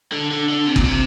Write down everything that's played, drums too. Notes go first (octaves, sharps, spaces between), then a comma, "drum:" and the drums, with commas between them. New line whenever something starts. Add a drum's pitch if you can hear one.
D3
D3
D3
C3
A#2, drum: kick G1
C3